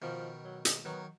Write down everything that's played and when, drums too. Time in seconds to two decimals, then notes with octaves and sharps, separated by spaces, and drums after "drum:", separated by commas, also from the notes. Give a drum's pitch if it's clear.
0.02 B2 D#3 F3
0.44 F#3
0.65 G#3, drum: hi-hat
0.85 D#3 F#3 B3